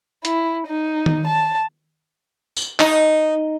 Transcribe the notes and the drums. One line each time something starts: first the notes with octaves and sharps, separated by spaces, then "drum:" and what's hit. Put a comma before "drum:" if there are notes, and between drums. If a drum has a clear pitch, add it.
E4, drum: hi-hat
D#4
drum: tom D#3
A5
drum: tambourine
D#4, drum: clap